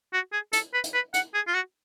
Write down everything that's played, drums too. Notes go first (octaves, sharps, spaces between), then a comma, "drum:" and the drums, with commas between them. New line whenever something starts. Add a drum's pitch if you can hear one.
F#4
G#4
A4, drum: hi-hat
B4
drum: hi-hat
B4
F#5, drum: hi-hat
G#4
F4
F#4